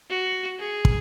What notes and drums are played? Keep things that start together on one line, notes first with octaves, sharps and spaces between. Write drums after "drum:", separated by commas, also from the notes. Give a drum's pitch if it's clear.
F#4
G#4
drum: kick